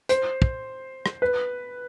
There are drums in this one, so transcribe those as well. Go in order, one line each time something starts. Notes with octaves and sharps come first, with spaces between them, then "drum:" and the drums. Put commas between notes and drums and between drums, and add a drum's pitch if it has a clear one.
C5, drum: hi-hat
drum: kick
drum: rim click
B4